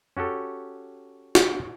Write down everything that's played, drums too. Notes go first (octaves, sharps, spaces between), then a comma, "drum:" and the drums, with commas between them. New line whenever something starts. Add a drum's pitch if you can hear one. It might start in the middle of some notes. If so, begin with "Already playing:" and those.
C#4 F#4 G4 A4
drum: snare